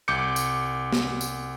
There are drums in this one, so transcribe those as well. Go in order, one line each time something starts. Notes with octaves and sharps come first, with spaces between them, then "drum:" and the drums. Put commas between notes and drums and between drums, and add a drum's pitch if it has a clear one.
C2 D6 G6 C#7
drum: tambourine
drum: snare
drum: tambourine